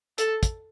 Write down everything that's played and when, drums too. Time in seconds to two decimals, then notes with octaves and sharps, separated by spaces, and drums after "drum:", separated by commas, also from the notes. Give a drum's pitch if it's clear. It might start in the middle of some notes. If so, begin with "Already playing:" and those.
0.18 A4, drum: hi-hat
0.43 drum: kick, hi-hat